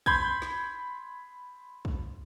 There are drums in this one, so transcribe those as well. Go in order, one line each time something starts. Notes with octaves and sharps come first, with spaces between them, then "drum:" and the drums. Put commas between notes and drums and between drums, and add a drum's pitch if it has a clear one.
B5 C6 G6 G#6, drum: kick
drum: snare
drum: kick